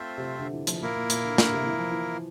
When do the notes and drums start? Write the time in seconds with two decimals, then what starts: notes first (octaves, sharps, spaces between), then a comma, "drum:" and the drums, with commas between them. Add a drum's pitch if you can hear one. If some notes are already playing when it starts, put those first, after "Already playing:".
Already playing: A3 C4 F4 C5 E5
0.18 C3
0.39 D3
0.53 E3
0.67 F3, drum: hi-hat
0.82 A#2 A#3 E4 A#4
0.96 A#2
1.10 A#2, drum: hi-hat
1.24 D3
1.38 D3, drum: snare
1.52 C3
1.66 E3
1.79 F3
1.91 E3